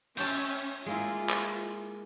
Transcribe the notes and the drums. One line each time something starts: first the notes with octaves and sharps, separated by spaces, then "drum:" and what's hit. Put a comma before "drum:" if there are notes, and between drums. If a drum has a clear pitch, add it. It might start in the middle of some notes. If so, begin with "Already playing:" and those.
C#4 E5 G5 A5, drum: cymbal
G#3 A#3 E4 F4
drum: clap